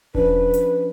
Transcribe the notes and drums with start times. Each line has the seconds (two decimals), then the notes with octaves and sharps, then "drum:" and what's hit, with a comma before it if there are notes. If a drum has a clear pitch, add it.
0.15 F3 C#4 D4 B4, drum: kick E1
0.54 drum: hi-hat